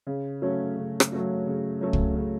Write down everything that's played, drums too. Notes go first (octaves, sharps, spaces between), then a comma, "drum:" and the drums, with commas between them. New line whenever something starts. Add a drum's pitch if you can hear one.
C#3
F#3 A3 C#4 F#4
C#3
drum: rim click
F#3 A3 C#4 F#4
C#3
F#3 A3 C#4 F#4
drum: kick
C#3